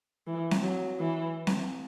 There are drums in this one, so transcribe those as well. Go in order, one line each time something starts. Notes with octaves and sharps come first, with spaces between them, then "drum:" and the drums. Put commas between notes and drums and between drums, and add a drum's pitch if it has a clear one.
E3
drum: snare C4
F#3
E3
drum: snare C4